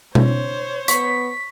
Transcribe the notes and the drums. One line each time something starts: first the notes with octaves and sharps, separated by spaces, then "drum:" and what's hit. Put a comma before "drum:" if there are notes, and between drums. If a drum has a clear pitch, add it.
C5 C#5, drum: tom B2
B3 C#6 B6, drum: hi-hat